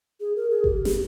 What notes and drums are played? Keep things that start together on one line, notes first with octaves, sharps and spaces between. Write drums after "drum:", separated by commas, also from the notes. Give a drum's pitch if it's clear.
G#4
A#4
G#4
G4, drum: kick G1
G4, drum: snare